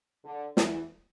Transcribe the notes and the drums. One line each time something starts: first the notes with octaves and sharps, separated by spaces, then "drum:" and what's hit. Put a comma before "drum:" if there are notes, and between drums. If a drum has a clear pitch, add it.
D3
E2 E3, drum: snare